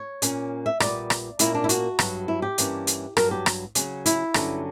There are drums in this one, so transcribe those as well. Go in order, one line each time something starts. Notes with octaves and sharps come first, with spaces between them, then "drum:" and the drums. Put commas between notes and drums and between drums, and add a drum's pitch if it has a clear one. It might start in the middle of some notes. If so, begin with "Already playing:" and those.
Already playing: C#5
A#2 A#3 C#4, drum: hi-hat
E5
A#2 G3 B3 D5, drum: rim click
drum: rim click
A#2 A#3 C#4 E4, drum: hi-hat
D4
E4
F#4, drum: hi-hat
G2 F#3 B3, drum: rim click
E4
G4
G2 E3 A#3 C#4, drum: hi-hat
drum: hi-hat
G2 F#3 B3 A#4, drum: rim click
G4
drum: rim click
C#3 F#3 C#4, drum: hi-hat
E4, drum: hi-hat
G2 D3 F#3 C#4, drum: rim click